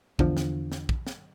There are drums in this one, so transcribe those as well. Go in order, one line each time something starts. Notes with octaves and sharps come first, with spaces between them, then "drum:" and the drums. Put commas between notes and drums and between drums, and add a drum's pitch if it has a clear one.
E2 D3 F3, drum: kick
drum: snare
drum: snare
drum: kick
drum: snare